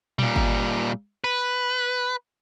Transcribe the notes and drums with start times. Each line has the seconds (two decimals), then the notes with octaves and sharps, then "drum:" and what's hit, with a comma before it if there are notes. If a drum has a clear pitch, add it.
0.19 A#2 G3, drum: tom A#2
0.36 drum: kick G1
1.24 B4